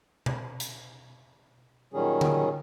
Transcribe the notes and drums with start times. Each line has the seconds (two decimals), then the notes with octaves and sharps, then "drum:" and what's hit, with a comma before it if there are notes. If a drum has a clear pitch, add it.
0.26 drum: tom B2
0.60 drum: hi-hat
1.94 A#2 D#3 F#3 G3 C#4 G#4
2.21 drum: tom D3